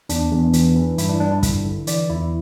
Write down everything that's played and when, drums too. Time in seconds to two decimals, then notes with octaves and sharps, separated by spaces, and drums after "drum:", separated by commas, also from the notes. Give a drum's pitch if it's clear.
0.09 E2 D4, drum: hi-hat
0.31 E2
0.53 E3, drum: hi-hat
0.76 E3
0.98 G2 E4, drum: hi-hat
1.09 D4
1.20 G2 D4
1.32 E4
1.43 D3, drum: kick, hi-hat
1.65 D3
1.87 E3 D5, drum: hi-hat
2.09 E2 E4